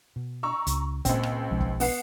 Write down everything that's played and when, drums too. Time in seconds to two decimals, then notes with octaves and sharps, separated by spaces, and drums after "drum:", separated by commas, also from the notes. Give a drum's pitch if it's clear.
0.16 B2
0.43 A#5 C#6 E6
0.67 C#2, drum: hi-hat
1.05 C#2 A#2 C4, drum: kick, hi-hat
1.23 drum: rim click
1.51 B1 F3 G#3
1.60 drum: kick
1.80 B3 F#5 C7, drum: open hi-hat